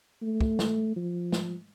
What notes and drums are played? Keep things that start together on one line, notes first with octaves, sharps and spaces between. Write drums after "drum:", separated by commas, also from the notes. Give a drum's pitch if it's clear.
A3
drum: kick
drum: snare
F3
drum: snare